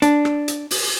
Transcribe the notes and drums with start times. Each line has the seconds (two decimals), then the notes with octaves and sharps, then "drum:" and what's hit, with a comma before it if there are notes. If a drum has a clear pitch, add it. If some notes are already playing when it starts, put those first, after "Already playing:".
0.02 D4, drum: hi-hat
0.25 drum: rim click
0.48 drum: hi-hat
0.71 drum: open hi-hat